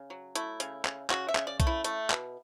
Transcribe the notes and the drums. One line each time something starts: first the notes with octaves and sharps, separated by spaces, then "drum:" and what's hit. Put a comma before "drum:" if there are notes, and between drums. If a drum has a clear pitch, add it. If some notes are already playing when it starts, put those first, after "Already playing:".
Already playing: C#3
F#3
A3 E4, drum: hi-hat
C#3, drum: hi-hat
C#3, drum: clap
C#3 F#4, drum: clap
E5
C#3, drum: clap
D5
A3, drum: kick B1, hi-hat
E4
A3, drum: hi-hat
B2, drum: clap